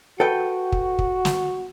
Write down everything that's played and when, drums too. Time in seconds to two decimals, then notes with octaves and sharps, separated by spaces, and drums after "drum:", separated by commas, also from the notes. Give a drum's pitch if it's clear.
0.20 F#4 A4 B4 G5
0.72 drum: kick
0.99 drum: kick
1.25 drum: snare